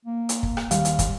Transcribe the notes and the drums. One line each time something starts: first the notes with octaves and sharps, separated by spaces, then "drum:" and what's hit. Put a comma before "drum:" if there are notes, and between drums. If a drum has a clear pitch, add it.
A#3
drum: hi-hat
drum: kick
drum: rim click
D#2 G3 F5, drum: hi-hat
drum: hi-hat
drum: kick, hi-hat